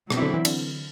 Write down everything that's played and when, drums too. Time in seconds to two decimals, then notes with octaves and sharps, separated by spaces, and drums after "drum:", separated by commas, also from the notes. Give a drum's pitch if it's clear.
0.10 B2 F#3 C4 E4, drum: rim click
0.22 D3
0.34 E3
0.45 D3, drum: cymbal